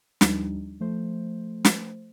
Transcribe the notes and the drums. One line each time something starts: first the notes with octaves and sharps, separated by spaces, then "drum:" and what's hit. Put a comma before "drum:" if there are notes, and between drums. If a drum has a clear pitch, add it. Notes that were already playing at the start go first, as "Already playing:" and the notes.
D#2 F3 G3 D4 D#4, drum: snare
F3 A3 C5
drum: snare